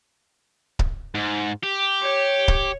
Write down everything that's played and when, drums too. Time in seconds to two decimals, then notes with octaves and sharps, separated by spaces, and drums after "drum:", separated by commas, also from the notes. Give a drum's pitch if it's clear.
0.79 drum: kick C#1
1.15 G#2
1.64 G4
2.01 C#5
2.48 drum: kick C#1